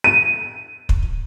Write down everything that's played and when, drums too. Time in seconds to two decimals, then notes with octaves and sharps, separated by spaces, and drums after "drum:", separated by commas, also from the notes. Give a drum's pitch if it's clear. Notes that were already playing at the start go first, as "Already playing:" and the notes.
0.04 D#7
0.89 drum: kick